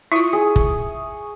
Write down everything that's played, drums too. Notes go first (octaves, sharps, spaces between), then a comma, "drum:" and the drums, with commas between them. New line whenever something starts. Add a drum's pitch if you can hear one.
E4 F4 E5 C#6 D#6
G#4
drum: kick